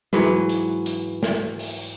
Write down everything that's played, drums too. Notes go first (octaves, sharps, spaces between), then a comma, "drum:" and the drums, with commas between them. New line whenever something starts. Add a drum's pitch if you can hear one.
G#2 E3 F#3 B4, drum: snare
drum: hi-hat
drum: hi-hat
drum: snare
drum: open hi-hat